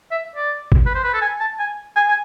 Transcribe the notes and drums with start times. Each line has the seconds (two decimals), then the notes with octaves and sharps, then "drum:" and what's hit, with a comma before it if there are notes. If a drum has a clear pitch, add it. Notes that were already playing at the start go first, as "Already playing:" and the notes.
0.11 E5
0.36 D5
0.72 drum: kick A1
0.86 B4
0.95 C5
1.04 B4
1.14 A4
1.22 G#5
1.40 A5
1.59 G#5
1.96 G#5
2.08 G#5